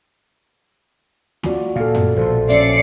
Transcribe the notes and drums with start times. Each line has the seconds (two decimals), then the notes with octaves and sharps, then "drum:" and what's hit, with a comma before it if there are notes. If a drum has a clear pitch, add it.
1.43 F4 F#4 D5, drum: snare
1.76 A#2 A4 F5
1.95 drum: tom F#2
2.17 A#1 B2 F3 A4 C5
2.50 C#4 D5 E5 C7 C#7, drum: hi-hat